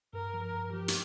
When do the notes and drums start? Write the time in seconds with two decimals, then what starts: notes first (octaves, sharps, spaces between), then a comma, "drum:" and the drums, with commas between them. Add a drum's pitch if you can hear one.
0.13 G2 A#4
0.34 F3
0.43 A#4
0.54 G2
0.73 F3 G4
0.88 drum: hi-hat